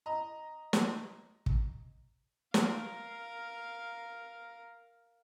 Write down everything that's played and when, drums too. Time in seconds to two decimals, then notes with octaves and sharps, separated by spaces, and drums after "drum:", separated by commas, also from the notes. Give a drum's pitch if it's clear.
0.06 D#5 A#5
0.73 drum: snare
1.46 drum: kick
2.54 A#4 F5, drum: snare